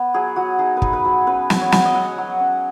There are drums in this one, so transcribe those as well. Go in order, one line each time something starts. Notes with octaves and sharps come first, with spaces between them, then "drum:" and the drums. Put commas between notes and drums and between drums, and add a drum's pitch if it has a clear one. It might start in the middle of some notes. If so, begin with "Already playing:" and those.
Already playing: B3 B4 C#5
F#3 G#4
F#3 F#4
D#4 G#4
B4
D#4, drum: kick
B4
F#3
C#4 B4
F#3, drum: snare
C#5
F#3, drum: snare
D#5
F#3 F#5
F#3
C#4